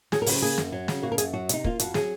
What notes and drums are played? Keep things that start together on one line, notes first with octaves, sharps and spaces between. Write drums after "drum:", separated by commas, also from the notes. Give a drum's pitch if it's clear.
F#3 G#4, drum: snare
A#4
C#3, drum: open hi-hat
C5
A#3 G#4
F#2, drum: snare
F#3
C#3, drum: snare
A#3 F#4
A#4
F#2 G#4, drum: hi-hat
F#3 F#4
C3 D#4, drum: hi-hat
A#3 F4, drum: kick
F2 F#4, drum: hi-hat
F#3 G#4, drum: snare